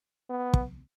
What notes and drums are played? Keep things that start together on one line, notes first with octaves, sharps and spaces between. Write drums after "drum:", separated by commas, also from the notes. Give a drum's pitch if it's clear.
B3
drum: kick